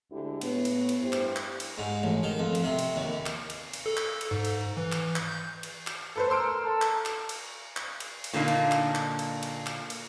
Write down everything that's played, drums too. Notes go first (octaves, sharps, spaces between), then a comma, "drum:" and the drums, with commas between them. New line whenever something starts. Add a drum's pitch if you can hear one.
D2 D3 G#3 E4 G4
A2 B3, drum: cymbal
drum: cymbal
drum: cymbal
G2 E4 G4 C5
drum: clap
drum: clap
drum: cymbal
G#2
A1
D#3
F2
drum: cymbal
C3
drum: cymbal
D#2
drum: clap
drum: cymbal
drum: cymbal
A4
drum: clap
drum: cymbal
G#2
drum: cymbal
E3
drum: clap
drum: clap
G6
drum: cymbal
drum: clap
A4 B4 C5
A#4 C6 E6 D7
A4
drum: clap
drum: clap
drum: cymbal
drum: clap
drum: cymbal
drum: cymbal
A#2 D3 A#3 D4 D#4
drum: cymbal
drum: clap
drum: clap
drum: cymbal
drum: cymbal
drum: clap
drum: cymbal